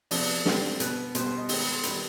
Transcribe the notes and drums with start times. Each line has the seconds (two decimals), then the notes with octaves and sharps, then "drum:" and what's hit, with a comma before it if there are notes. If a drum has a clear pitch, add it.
0.11 C3 F3 B3 D5, drum: open hi-hat
0.46 D3 G3 C4, drum: snare
0.80 B2 B3 B4, drum: hi-hat
1.15 B2 G3 B3 C5, drum: hi-hat
1.26 C5
1.38 D#5
1.49 D#3 G#3 B3 G5, drum: open hi-hat
1.60 B5
1.72 C6
1.83 D#3 G3 B3 B5, drum: hi-hat